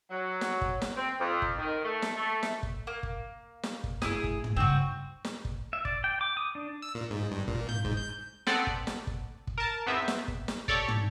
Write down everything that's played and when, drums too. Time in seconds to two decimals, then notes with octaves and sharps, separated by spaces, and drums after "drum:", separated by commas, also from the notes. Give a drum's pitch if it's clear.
0.10 F#3
0.41 drum: snare
0.61 drum: kick
0.82 drum: snare
0.96 C4
1.20 F2
1.42 drum: kick
1.58 D#3
1.84 A3
2.02 drum: snare
2.16 A3
2.43 drum: snare
2.63 drum: kick
2.87 A#3
3.03 drum: kick
3.63 drum: snare
3.84 drum: kick
4.02 G2 A3 E4 G#4, drum: snare
4.24 drum: kick
4.44 drum: tom
4.56 G2 C#3 C4 F#4
5.25 drum: snare
5.45 drum: kick
5.73 E5
5.85 D5, drum: kick
6.04 G5
6.21 D6
6.37 D#6
6.55 D4
6.82 E6
6.95 A#2
7.10 G#2
7.32 G2
7.48 A#2, drum: kick
7.69 G6, drum: tom
7.85 G#2, drum: kick
7.97 G6
8.47 B3 C4 A4 D5 F#5, drum: snare
8.67 drum: kick
8.87 drum: snare
9.07 drum: kick
9.47 drum: kick
9.58 A#4 A5
9.86 G#1 E2 B3 C4 E5
10.08 drum: snare
10.28 drum: kick
10.48 drum: snare
10.68 G4 A4 C#5 D5, drum: kick
10.88 drum: tom